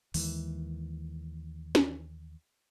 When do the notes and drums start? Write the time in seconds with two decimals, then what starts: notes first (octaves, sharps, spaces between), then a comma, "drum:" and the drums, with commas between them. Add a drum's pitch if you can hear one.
0.14 D#2 D#3 E3 G#3, drum: open hi-hat
1.75 drum: snare